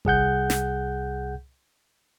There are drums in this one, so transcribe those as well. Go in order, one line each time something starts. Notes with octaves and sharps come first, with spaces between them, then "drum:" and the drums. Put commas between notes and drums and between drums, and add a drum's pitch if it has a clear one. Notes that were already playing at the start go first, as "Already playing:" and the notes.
C2 G#4 F#5 G6, drum: kick G#1
drum: snare